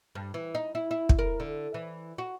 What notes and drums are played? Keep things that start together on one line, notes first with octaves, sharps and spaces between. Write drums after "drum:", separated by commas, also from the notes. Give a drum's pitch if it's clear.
G2
E3
D#4
E4
E4
drum: kick
A#4
D3
E3
F#4